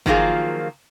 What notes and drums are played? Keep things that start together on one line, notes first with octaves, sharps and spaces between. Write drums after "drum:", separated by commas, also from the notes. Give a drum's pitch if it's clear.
D#3 F3 F#3 A#3 F4 G#4, drum: kick